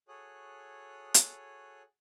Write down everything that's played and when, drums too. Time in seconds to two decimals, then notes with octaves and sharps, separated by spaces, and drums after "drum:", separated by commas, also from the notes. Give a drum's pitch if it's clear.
0.08 F#4 G#4 A4 C#5 D#6 F#6
1.14 drum: hi-hat